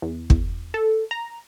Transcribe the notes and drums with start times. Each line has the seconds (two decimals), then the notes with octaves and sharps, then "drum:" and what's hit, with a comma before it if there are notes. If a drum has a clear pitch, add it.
0.02 E2
0.30 E2, drum: kick
0.74 A4
1.11 A#5